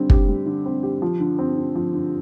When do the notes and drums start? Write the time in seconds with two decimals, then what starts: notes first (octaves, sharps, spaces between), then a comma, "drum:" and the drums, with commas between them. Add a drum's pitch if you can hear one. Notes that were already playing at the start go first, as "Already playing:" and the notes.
Already playing: D3 G3 C4
0.10 G4, drum: kick
0.28 G3
0.46 D3
0.66 C4
0.83 G4
1.02 F3
1.20 D3
1.39 C4
1.57 D3
1.75 F3
1.94 D3